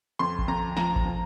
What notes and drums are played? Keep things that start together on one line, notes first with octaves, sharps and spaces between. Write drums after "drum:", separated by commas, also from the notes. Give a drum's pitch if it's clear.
F2 C6
drum: kick G#1
F2 A#5
F3 A#5, drum: snare
drum: kick G#1
F3